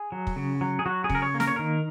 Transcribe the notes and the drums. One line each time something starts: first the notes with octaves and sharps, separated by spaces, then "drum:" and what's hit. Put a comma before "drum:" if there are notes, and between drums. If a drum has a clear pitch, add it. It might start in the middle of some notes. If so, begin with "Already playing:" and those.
Already playing: G#4
F#3
drum: kick
C#3
F#3
G#4
F#3 F#4
G#4
C#3, drum: kick
A#4
C#5
A#3
A#4, drum: snare
C#5
D#3 A#4